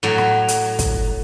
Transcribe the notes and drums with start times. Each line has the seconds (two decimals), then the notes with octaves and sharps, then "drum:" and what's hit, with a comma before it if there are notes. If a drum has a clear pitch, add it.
0.03 A2 F#3
0.18 drum: rim click
0.48 drum: hi-hat
0.79 drum: kick, hi-hat